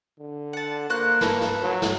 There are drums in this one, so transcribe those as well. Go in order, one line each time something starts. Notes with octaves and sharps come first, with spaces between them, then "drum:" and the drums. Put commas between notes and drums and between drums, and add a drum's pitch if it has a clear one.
D3
F#5 A5
A#3 F#4 C5 F#6
D#4 A4 B4, drum: snare
drum: snare
F#3
drum: snare